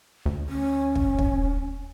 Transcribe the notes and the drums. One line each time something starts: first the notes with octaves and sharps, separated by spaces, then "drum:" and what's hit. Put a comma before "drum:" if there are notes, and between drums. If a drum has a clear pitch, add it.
D2
C#4
drum: kick
drum: kick